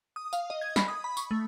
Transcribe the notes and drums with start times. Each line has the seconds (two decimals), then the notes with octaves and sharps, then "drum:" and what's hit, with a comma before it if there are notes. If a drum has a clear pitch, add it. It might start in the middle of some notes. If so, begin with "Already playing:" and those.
0.16 D#6
0.33 F5, drum: tambourine
0.50 D#5
0.61 G#6
0.76 B5, drum: snare
0.88 D#6
1.04 B5
1.17 C#6, drum: tambourine
1.31 A3